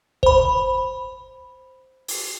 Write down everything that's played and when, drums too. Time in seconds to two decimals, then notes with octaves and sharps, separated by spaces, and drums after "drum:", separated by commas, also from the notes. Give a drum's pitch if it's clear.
0.23 C5 B5, drum: kick
2.08 drum: open hi-hat